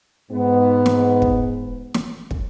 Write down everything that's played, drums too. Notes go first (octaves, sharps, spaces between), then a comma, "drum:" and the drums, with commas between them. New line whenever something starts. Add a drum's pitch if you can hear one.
G#2 B3
drum: snare
drum: kick
drum: snare
drum: kick